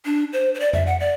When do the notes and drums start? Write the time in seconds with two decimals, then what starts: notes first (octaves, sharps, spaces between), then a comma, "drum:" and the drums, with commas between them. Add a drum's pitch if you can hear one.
0.05 D4
0.33 C5
0.54 C5
0.60 D5
0.73 E5, drum: tom F2
0.87 F#5
1.00 D5